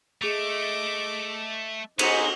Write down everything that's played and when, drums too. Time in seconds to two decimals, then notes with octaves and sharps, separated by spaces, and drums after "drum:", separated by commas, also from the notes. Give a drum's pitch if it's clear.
0.22 A3 G#4 D#5 D6 F7
1.99 B3 D#4 F#4 G#4 C5 D#5 C#7 D#7, drum: cymbal